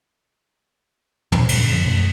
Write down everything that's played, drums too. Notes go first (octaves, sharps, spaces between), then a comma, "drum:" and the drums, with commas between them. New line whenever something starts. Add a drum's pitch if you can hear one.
D#1 B2 C#4, drum: tom
G2 A#2 D3, drum: cymbal
F#2 F3
B1 F#2 B2 A3